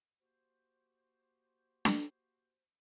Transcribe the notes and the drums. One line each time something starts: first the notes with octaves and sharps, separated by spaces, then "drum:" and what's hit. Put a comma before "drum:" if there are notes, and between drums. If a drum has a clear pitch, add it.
A#3 F#4 G4 C5
drum: snare D4